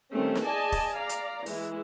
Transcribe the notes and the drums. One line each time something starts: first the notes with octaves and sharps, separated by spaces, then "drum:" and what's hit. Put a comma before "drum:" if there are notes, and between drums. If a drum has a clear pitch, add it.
D#3 G3 A3 C4 C#4
drum: snare
G#4 D5 D#5 G#5 A5
drum: kick, open hi-hat
D5 F5 A#5
drum: hi-hat
E3 G#3 E4, drum: open hi-hat